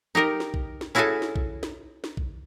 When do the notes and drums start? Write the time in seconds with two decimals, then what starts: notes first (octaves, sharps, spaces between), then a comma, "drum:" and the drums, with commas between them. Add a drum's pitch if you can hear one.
0.15 D#4 G4 A#4 D#5
0.40 drum: snare
0.54 drum: kick A#1
0.81 drum: snare
0.95 C#4 E4 F#4 G#4 A4 G#5
1.22 drum: snare
1.36 drum: kick A#1
1.63 drum: snare
2.04 drum: snare
2.17 drum: kick A#1